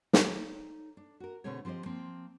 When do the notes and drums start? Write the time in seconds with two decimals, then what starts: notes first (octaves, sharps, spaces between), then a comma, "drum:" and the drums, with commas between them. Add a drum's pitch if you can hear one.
0.13 D#4 A4 C#5 D5, drum: snare
0.97 D4
1.20 F#4 A#4
1.44 B2 D3 A3 C4 G#4 C#5
1.65 F3 C4 G4 C5 D#5
1.86 F3 A#3 C4